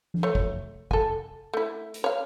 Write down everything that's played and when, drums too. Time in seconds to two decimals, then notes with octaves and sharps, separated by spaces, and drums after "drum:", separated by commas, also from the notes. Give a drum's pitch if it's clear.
0.14 drum: tom F3
0.23 A3 C#5
0.35 drum: kick G1
0.91 A4 G#5, drum: kick G1
1.53 A3 E4
1.94 drum: hi-hat
2.04 C#5 F5